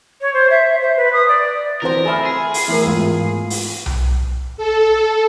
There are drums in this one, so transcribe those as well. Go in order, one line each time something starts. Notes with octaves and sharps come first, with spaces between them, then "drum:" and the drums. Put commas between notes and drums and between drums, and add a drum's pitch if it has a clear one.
C#5
C5
E5
C5
B4
D#6
D5
E3 C4 A#4 C5
A4 E5 G#5 B5 C6 D#6 F6
G#4
drum: open hi-hat
E2 A2 E4 A#4
G#2 F4
drum: open hi-hat
drum: tom B1
A4